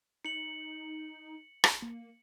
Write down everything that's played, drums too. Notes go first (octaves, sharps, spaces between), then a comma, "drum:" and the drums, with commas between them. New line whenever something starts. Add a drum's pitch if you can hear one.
D#4 C#7 F#7
drum: rim click
A#3